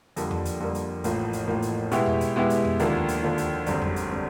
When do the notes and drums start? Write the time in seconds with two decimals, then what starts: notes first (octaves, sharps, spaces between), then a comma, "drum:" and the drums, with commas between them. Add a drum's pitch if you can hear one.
0.16 F2 D3 G3 A#3, drum: hi-hat
0.31 drum: tom F2
0.45 drum: hi-hat
0.60 F2 D3 G3 A#3
0.75 drum: hi-hat
1.04 A1 A2 F3 A#3, drum: hi-hat
1.33 drum: hi-hat
1.47 A1 A2 F3 A#3
1.62 drum: hi-hat
1.91 B2 G#3 B3 E4 G4, drum: hi-hat
2.06 drum: tom F2
2.21 drum: hi-hat
2.36 B2 G#3 B3 E4 G4
2.50 drum: hi-hat
2.65 drum: tom F2
2.79 D#2 D3 F3 A#3, drum: hi-hat
3.08 drum: hi-hat
3.23 D#2 D3 F3 A#3
3.38 drum: hi-hat
3.66 G#1 F#2 D3 G3 C4, drum: hi-hat
3.82 drum: tom F2
3.96 drum: hi-hat
4.10 D3 G3 C4